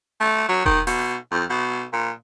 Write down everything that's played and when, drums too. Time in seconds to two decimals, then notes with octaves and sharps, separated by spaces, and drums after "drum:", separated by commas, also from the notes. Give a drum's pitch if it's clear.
0.20 A3
0.49 F#3
0.65 D#3, drum: kick E1
0.87 B2, drum: open hi-hat
1.32 F2
1.50 B2
1.93 A#2